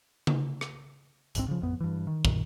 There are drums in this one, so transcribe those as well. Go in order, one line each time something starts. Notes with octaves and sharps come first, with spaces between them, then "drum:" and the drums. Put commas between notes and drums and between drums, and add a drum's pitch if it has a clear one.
drum: tom C#3
drum: rim click
G#1 C#2 G#2 C4, drum: hi-hat
C#3 F3
A1 F2 B3
G2 E3
D#3
F#2 A#2 D#3, drum: kick